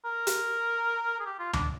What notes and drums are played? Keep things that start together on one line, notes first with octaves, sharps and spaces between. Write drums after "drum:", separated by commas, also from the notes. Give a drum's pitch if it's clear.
A#4
drum: hi-hat
G#4
G4
F4
D4, drum: tom C#2